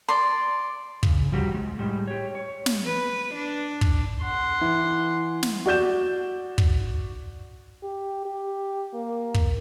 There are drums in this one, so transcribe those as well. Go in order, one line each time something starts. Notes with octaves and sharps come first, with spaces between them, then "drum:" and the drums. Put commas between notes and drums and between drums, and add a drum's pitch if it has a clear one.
D5 C6
C#3, drum: kick
F3 G3 F#4 G4
G#3
A2 G3 G#3
G4 C#5
C#5
drum: snare
B4
D4
drum: kick
F#5 C6
E3
drum: snare
F#4 D5 G6 E7
drum: kick
G4
G4
A#3
drum: kick